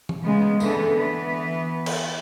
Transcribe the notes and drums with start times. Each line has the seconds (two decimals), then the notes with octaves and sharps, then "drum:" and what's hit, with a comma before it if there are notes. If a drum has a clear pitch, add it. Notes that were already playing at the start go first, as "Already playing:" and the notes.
0.09 drum: tom
0.24 C#3 G#3 B3
0.60 D3 E3 B3 D4 A4, drum: tambourine
0.96 E3 B3 B4
1.86 drum: cymbal